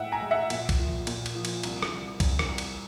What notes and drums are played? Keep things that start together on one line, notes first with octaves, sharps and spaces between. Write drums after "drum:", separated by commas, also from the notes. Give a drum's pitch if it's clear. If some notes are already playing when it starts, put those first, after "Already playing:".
Already playing: A2 G#3 E5 F#5 G5
G#5 A#5
G#3
E5 F#5
A#2, drum: cymbal
drum: kick, cymbal
F3
A#2, drum: cymbal
drum: cymbal
F3
drum: cymbal
C2, drum: cymbal
drum: rim click
C2
C2, drum: kick, cymbal
drum: rim click
C2
drum: cymbal